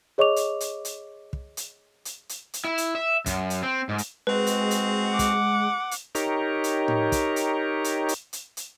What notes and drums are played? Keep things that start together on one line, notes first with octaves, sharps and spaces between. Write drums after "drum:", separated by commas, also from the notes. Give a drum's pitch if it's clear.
G#4 C#5 D#5 C#6 D6 F7
drum: hi-hat
drum: hi-hat
drum: hi-hat
drum: kick
drum: hi-hat
drum: hi-hat
drum: hi-hat
drum: hi-hat
E4
drum: hi-hat
E5
F#2, drum: kick, hi-hat
drum: hi-hat
C4
G#2
drum: hi-hat
G#3 C4 F#4 G#4 B4
drum: hi-hat
drum: hi-hat
F#5 D6
drum: kick, hi-hat
drum: hi-hat
D#4 G4 A#4 C#5, drum: hi-hat
drum: hi-hat
drum: tom A2
drum: kick, hi-hat
drum: hi-hat
drum: hi-hat
drum: hi-hat
drum: hi-hat
drum: hi-hat